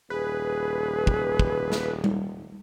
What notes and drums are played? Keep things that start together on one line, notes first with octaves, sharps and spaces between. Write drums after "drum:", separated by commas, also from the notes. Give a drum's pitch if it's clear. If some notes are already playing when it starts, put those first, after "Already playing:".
D#1 G#4 B4
drum: kick
drum: kick
drum: snare
drum: tom G3